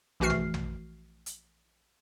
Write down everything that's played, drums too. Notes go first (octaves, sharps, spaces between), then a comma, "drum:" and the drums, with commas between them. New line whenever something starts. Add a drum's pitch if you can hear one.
A#1 E3 A3 F#4 F6 C7
drum: tom
drum: tom
drum: hi-hat